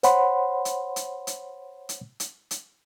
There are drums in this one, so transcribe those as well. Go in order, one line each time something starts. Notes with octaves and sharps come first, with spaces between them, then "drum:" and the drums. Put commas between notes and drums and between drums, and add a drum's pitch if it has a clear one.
C5 C#5 F#5 B5 C6, drum: hi-hat
drum: hi-hat
drum: hi-hat
drum: hi-hat
drum: hi-hat
drum: hi-hat
drum: hi-hat